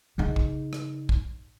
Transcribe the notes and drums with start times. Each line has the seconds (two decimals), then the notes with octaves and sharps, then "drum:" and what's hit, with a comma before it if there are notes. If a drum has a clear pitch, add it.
0.18 C#3 D#4
0.36 drum: kick
0.73 drum: rim click
1.09 drum: kick